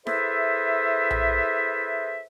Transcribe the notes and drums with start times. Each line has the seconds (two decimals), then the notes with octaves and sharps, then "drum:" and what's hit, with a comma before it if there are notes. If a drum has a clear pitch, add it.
0.07 E4 G#4 A4 B4 C5 E5, drum: snare E4
1.10 drum: tom A#1